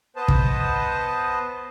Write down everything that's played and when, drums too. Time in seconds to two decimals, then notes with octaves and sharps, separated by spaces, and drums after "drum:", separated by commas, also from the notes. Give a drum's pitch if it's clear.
0.16 B3 B4 C5 D#5 A5
0.28 drum: kick